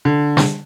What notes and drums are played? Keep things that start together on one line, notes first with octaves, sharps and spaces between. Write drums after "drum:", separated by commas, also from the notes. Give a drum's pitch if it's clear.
D3
drum: snare